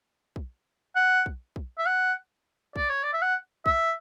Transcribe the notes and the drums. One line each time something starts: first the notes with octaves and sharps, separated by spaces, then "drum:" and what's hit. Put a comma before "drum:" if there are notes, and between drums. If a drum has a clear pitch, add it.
drum: kick
F#5
drum: kick
drum: kick
E5
F#5
D5, drum: kick
C#5
D5
E5
F#5
E5, drum: kick